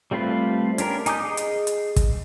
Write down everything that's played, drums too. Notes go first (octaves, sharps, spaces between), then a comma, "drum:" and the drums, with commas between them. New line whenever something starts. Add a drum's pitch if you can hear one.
G3 A3 C4 F4 B4
C#4 D4 G4 A#4, drum: hi-hat
D#4 G#5 D6 D#6 G6, drum: hi-hat
G#4 D#5
drum: hi-hat
drum: hi-hat
drum: kick, hi-hat